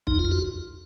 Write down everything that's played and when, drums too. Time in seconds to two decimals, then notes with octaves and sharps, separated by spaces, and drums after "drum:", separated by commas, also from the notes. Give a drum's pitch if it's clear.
0.07 F2 D#4, drum: kick
0.19 F4
0.25 F2
0.32 F#4